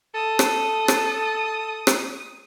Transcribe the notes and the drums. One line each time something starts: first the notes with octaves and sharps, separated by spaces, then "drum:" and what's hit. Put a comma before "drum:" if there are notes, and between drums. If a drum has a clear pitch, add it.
A4 D#6
drum: rim click
drum: rim click
drum: rim click